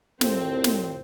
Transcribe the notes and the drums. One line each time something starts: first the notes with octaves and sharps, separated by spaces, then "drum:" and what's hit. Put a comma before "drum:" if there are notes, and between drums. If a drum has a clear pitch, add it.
C2 F2 A2 C4, drum: snare
drum: snare